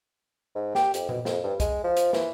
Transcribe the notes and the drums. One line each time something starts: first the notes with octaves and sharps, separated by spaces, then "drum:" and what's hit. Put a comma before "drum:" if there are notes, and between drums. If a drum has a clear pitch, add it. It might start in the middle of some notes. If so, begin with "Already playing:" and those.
G#2
G4, drum: snare
F2, drum: hi-hat
B2, drum: tom A#2
F2, drum: snare
G2
G#3, drum: kick, hi-hat
F3
drum: hi-hat
E3, drum: snare